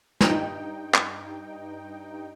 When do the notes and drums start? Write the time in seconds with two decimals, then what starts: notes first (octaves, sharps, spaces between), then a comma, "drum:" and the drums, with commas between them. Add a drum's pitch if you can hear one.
0.21 G2 D#4 G5, drum: snare
0.94 drum: clap